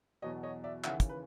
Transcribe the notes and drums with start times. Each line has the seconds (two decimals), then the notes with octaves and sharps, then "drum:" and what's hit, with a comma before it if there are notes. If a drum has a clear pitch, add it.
0.22 E2 B2 F#3 C#5 D#5
0.43 C#5 D#5
0.64 D5 E5
0.84 D#2 C#3 E3 E5 F#5, drum: clap
1.00 drum: kick, hi-hat
1.09 B4